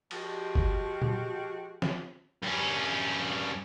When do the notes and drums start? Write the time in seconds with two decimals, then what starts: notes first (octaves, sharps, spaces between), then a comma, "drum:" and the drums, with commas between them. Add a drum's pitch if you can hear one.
0.11 F3 G#3 F#4 G4, drum: cymbal
0.55 drum: kick
1.02 drum: tom A#2
1.82 drum: snare
2.42 G2 C#4